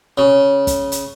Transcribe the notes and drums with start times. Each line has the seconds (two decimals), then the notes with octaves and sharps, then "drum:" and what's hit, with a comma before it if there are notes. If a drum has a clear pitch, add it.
0.18 C#3
0.67 drum: kick, hi-hat
0.92 drum: hi-hat